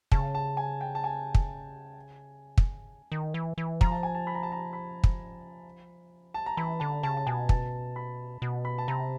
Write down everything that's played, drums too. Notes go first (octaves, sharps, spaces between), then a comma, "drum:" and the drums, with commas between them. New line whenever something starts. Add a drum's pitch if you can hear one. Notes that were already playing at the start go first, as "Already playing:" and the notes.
C#3 A5, drum: kick
A5
G#5
G5
A5
G#5
drum: kick
drum: kick
D#3
E3
E3
F3 A#5, drum: kick
A5
G#5
A5
B5
A#5
A5
A#5
B5
drum: kick
A5
A#5
E3 B5
D3 A5
C#3 A5
A5
B2 G#5
A5, drum: kick
B5
B2
B5
A5
C3 A#5